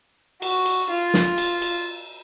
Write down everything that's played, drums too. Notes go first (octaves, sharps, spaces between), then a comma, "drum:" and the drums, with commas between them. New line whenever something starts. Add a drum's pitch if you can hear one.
F#4, drum: cymbal
drum: cymbal
F4
drum: snare
drum: cymbal
drum: cymbal